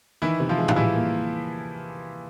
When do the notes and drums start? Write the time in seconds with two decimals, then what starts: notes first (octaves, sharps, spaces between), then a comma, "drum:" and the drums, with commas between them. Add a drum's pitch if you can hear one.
0.22 D#3 E3 E4
0.40 C3
0.49 F3 F4
0.58 G#3
0.68 F4, drum: tom A2
0.76 E3 G3 E4
0.94 A#3